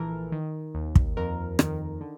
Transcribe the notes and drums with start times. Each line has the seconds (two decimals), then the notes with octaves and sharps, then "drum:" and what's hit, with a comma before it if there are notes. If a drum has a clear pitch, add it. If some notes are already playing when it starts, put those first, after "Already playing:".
Already playing: A#1 E3 A4 A#4
0.32 D#3
0.75 D#2
0.96 drum: kick
1.17 F2 A#4
1.59 D#3, drum: rim click
2.01 D3